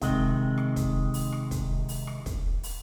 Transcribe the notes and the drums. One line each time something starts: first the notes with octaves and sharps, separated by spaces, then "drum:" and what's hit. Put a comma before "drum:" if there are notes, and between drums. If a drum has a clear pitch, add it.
C3 D#3 G#3, drum: kick, hi-hat
drum: rim click
drum: kick, hi-hat
drum: open hi-hat
drum: rim click
drum: kick, hi-hat
drum: open hi-hat
drum: rim click
drum: kick, hi-hat
drum: open hi-hat